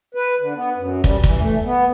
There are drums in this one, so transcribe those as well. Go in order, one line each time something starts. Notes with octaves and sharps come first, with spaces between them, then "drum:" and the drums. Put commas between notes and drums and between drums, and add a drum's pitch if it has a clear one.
B4
D3
B3
F#2
G3, drum: kick
E3, drum: kick
A3
B3